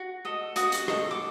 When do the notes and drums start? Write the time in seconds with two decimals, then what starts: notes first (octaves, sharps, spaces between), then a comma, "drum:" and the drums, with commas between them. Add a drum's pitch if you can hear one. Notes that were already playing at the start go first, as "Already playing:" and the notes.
Already playing: F#4
0.25 A4 D#5
0.56 F#4 D#6, drum: hi-hat
0.72 drum: hi-hat
0.88 A4 D#5, drum: rim click
1.11 D6